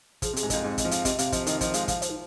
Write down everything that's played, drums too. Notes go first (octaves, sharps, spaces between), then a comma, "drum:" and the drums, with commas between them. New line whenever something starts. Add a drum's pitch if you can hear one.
F3 G#4, drum: kick, hi-hat
C3
G#4, drum: hi-hat
G#2
F2 D#5, drum: kick, hi-hat
G#2
D#5, drum: kick, hi-hat
F3
F5, drum: hi-hat
C3 D#5, drum: kick, hi-hat
C3 F5, drum: hi-hat
F3 D#5, drum: kick, hi-hat
D#3 D#5, drum: hi-hat
F3 D#5, drum: kick, hi-hat
G#3 F5, drum: hi-hat
F3 F5, drum: kick, hi-hat
C5, drum: hi-hat
D#4